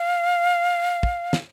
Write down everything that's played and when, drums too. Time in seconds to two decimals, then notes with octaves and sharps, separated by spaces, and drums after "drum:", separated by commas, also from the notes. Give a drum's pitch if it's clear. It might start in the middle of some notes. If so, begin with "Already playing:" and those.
Already playing: F5
1.03 drum: kick
1.33 drum: snare